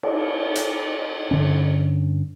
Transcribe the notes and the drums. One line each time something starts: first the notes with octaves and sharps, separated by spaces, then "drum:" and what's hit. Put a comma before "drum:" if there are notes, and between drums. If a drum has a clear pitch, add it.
drum: cymbal
drum: hi-hat
G2 D3 C#4